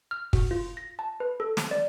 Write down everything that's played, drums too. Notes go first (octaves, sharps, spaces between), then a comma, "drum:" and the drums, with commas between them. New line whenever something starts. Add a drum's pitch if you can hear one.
F6
F#4, drum: kick
F4
A#6
A5
B4
A4
drum: snare
D5